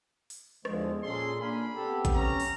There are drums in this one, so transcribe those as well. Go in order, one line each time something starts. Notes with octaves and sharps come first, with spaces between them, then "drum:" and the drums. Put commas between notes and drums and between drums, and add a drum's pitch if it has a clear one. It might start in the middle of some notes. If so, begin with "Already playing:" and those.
drum: open hi-hat
E2 D3 F3 G#3, drum: rim click
A#2 C#4 G#4 A4 C6
A#3 D4 G#5 B5
B3 C4 G4 A4
drum: kick A1, hi-hat
C#4 A#5
drum: open hi-hat